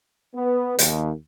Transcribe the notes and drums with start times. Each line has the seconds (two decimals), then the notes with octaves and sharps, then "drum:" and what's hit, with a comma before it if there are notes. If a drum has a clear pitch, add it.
0.35 B3
0.79 D#2, drum: hi-hat